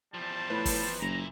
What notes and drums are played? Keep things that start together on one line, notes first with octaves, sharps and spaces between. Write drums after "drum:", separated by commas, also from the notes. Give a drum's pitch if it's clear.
E2 F3 G3 C5 A5
A2 B4
drum: kick, open hi-hat
F#1 A#2 E4 A#5